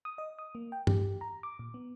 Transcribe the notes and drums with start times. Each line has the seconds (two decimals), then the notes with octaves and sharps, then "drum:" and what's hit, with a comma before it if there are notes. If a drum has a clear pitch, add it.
0.05 D#6
0.18 D#5
0.39 D#6
0.55 A#3
0.72 G5
0.87 G4, drum: tom G2
1.21 A#5
1.43 D6
1.59 A#2
1.74 B3